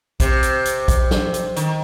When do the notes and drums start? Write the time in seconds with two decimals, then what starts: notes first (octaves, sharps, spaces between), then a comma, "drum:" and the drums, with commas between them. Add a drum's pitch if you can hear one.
0.20 C3, drum: kick, hi-hat
0.43 drum: hi-hat
0.65 drum: hi-hat
0.88 drum: kick, hi-hat
1.11 drum: snare
1.34 drum: hi-hat
1.56 D#3, drum: hi-hat